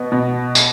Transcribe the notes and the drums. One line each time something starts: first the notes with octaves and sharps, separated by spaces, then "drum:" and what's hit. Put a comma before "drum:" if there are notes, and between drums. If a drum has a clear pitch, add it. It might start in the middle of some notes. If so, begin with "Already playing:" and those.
Already playing: B2 B3
B2
drum: tambourine